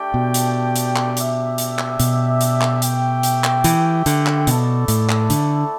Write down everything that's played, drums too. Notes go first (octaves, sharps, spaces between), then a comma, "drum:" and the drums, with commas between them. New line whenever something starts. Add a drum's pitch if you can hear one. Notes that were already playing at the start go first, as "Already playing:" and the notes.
Already playing: A3 D4 G4 D5 G5
B2
drum: hi-hat
drum: hi-hat
drum: clap
D4 G4 E5, drum: hi-hat
drum: hi-hat
drum: clap
B2, drum: hi-hat
drum: hi-hat
drum: clap
A3 G4 E5 G5, drum: hi-hat
drum: hi-hat
drum: clap
E3, drum: hi-hat
D3, drum: hi-hat
drum: clap
B2 A3 E4 A4 D5, drum: hi-hat
A2, drum: hi-hat
drum: clap
D3, drum: hi-hat